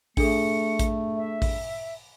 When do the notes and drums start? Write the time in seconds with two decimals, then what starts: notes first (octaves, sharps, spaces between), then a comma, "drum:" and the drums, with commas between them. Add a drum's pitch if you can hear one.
0.17 A3 D4 G#4 A4 C#7, drum: kick A1, open hi-hat
0.79 drum: kick A1, hi-hat
1.17 E5
1.42 drum: kick A1, open hi-hat